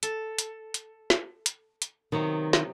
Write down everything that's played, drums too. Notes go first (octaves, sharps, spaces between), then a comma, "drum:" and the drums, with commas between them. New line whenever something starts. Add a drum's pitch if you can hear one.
A4, drum: hi-hat
drum: hi-hat
drum: hi-hat
drum: snare
drum: hi-hat
drum: hi-hat
C3 D#3 F#3 B3
drum: snare